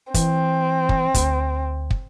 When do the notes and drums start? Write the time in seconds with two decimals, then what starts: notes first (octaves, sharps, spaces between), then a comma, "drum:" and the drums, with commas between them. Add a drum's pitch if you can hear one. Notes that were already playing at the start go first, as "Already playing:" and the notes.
0.14 E3 C4, drum: kick, hi-hat
0.89 drum: kick
1.14 D2, drum: kick, hi-hat
1.91 drum: kick